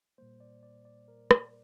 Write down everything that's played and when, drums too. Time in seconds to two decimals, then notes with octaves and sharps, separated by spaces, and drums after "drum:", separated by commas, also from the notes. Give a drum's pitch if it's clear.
0.18 A#2 G3 A#3 C5
0.40 D5
0.63 D5
0.85 D5
1.08 A#4
1.31 D5, drum: rim click